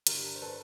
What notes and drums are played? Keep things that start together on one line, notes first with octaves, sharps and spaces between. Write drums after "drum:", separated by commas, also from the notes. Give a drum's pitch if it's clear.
G2 D3 G3 A#4, drum: hi-hat
C5
A4 B4